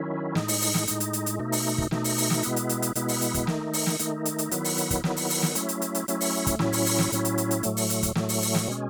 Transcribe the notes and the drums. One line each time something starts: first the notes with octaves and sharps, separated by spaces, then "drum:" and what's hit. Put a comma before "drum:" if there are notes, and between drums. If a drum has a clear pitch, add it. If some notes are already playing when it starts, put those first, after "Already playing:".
Already playing: D#3 F#3 C#4 E4
A2 G#3 D#4, drum: snare
drum: open hi-hat
drum: open hi-hat
drum: snare
A2 G#3 D#4, drum: hi-hat
drum: hi-hat
drum: hi-hat
drum: hi-hat
B2 A3 D#4
drum: open hi-hat
drum: kick
B2 A3 D#4, drum: snare
drum: open hi-hat
drum: open hi-hat
drum: snare
B2 G#3 B3 E4, drum: hi-hat
drum: hi-hat
drum: hi-hat
drum: hi-hat
B2 G#3 B3 E4, drum: hi-hat
drum: open hi-hat
drum: hi-hat
drum: kick, hi-hat
D#3 A3 D#4, drum: snare
drum: open hi-hat
drum: snare
D#3 A3 D#4, drum: hi-hat
drum: hi-hat
drum: hi-hat
D#3 F#3 B3 E4, drum: hi-hat
drum: open hi-hat
drum: hi-hat
drum: kick, hi-hat
D#3 F#3 B3 E4, drum: snare
drum: open hi-hat
drum: open hi-hat
drum: snare
F#3 A3 C#4 E4, drum: hi-hat
drum: hi-hat
drum: hi-hat
drum: hi-hat
F#3 A3 C#4 E4, drum: hi-hat
drum: open hi-hat
drum: kick, hi-hat
A2 F#3 C#4 E4, drum: snare
drum: open hi-hat
drum: open hi-hat
drum: snare
A2 F#3 C#4 E4, drum: hi-hat
drum: hi-hat
drum: hi-hat
drum: hi-hat
A2 F#3 A3, drum: hi-hat
drum: open hi-hat
drum: hi-hat
drum: kick, hi-hat
A2 F#3 A3, drum: snare
drum: open hi-hat
drum: open hi-hat
drum: snare
B2 G#3 C#4